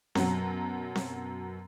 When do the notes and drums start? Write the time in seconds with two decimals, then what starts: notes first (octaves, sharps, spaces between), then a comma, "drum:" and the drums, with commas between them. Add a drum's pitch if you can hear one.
0.15 F#2 B2 F#3, drum: snare C4
0.95 drum: snare C4